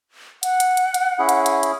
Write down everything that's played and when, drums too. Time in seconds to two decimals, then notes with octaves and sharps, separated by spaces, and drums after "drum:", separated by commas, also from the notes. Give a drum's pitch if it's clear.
0.43 F#5, drum: hi-hat
0.60 drum: hi-hat
0.77 drum: hi-hat
0.94 drum: hi-hat
1.19 C#4 E4 G#4
1.29 drum: hi-hat
1.46 drum: hi-hat
1.63 drum: hi-hat